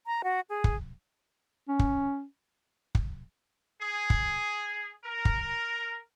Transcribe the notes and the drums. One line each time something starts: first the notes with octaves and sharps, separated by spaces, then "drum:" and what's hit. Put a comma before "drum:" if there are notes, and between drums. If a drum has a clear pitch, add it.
A#5
F#4
G#4
drum: kick
C#4
drum: kick
drum: kick
G#4
drum: kick
A#4
drum: kick